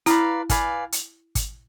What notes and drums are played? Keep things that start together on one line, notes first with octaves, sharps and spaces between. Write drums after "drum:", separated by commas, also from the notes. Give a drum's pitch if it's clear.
E4 B4 D5 F5 A#5, drum: hi-hat
B4 D5 F5 G#5, drum: kick, hi-hat
drum: hi-hat
drum: kick, hi-hat